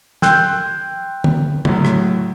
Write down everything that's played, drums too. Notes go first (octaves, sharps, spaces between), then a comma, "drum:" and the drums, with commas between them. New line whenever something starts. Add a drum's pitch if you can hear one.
G5 C6 E6 F#6 G6, drum: snare
drum: tom D3
A2 F#3, drum: tom C#3
drum: rim click